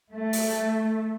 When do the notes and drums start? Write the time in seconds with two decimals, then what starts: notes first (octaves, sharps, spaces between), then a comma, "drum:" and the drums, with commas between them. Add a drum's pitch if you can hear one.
0.11 A3
0.33 drum: open hi-hat